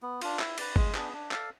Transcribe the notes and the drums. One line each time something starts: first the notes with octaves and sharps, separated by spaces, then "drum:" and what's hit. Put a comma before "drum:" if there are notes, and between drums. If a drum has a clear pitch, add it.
B3
D4 F4, drum: cymbal
E4, drum: clap
B4 D5, drum: cymbal
G#3, drum: kick G1
B3 D4 G#4, drum: clap
D4
A4 D5 F5, drum: clap